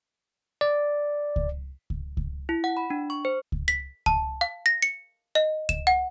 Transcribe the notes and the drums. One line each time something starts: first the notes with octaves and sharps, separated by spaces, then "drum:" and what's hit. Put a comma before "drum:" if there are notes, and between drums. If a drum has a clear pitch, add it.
D5
drum: kick C#2
drum: kick C#2
drum: kick C#2
E4
F#5
B5
D4
C#6
C5
drum: kick C#2
B6
A5, drum: kick C#2
F5
A#6
C#7
D#5
E7, drum: kick C#2
F#5